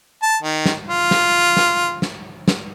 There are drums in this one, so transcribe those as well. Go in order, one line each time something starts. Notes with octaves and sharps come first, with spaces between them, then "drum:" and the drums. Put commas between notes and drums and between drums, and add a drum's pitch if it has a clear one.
A5
D#3
drum: snare
F4
drum: snare
drum: snare
drum: snare
drum: snare